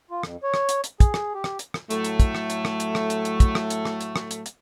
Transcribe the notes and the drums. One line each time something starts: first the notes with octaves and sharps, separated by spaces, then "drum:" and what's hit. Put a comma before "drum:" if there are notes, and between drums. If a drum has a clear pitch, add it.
F4
F2, drum: rim click
C#5
drum: rim click
drum: hi-hat
drum: hi-hat
G#4, drum: kick, hi-hat
drum: rim click
G4
drum: rim click
drum: hi-hat
drum: rim click
A2 F#3 A3, drum: hi-hat
drum: hi-hat
drum: kick, hi-hat
drum: rim click
drum: hi-hat
drum: rim click
drum: hi-hat
drum: rim click
drum: hi-hat
drum: hi-hat
drum: kick, hi-hat
drum: rim click
drum: hi-hat
drum: rim click
drum: hi-hat
drum: rim click
drum: hi-hat
drum: hi-hat